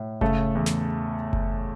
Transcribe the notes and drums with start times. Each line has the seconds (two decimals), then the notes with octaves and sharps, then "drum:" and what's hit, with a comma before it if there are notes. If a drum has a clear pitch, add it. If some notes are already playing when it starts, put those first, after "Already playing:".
Already playing: A2
0.21 C#3 A3 A4, drum: kick F#1
0.55 E2
0.66 drum: snare
1.33 drum: kick F#1